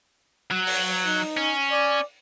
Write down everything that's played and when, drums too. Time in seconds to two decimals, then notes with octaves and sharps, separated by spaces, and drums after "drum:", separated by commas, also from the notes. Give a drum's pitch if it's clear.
0.51 F#3
0.67 drum: open hi-hat
1.06 D#4
1.37 C#4
1.71 D5